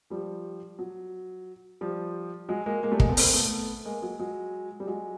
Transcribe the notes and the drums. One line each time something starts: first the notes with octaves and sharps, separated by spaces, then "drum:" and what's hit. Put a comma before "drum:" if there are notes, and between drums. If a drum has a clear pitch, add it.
F3 G3
F#3
F3 G3
F#3 G#3
G#3 A#3
G#3 A#3
G3 A3
G#3 A#3, drum: kick
A3 B3
A#3 C4, drum: open hi-hat
A3 B3
G#3 A#3
F#3 G#3
F#3 G#3
G3
F#3 G#3